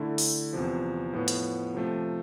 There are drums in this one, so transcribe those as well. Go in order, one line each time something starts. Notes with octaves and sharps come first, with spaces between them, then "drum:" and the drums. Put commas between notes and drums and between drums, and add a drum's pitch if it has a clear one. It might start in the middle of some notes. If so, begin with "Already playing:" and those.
Already playing: D3 A3 E4
drum: open hi-hat
E2 C3 F3
A2 F3 B3
drum: hi-hat
C3 F3 A3